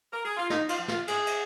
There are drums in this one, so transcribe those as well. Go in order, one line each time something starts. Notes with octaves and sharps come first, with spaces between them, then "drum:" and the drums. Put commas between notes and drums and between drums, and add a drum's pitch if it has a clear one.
A#4
G#4
F4
G#2 D#4, drum: snare
F4, drum: cymbal
F3
F4, drum: snare
G#2 G#4, drum: cymbal
drum: cymbal